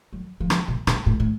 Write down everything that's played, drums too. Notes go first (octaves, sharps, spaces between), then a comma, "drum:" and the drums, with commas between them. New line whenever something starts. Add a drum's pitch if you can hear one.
F#3
F3
drum: rim click
B2
A#2, drum: rim click
A2
A2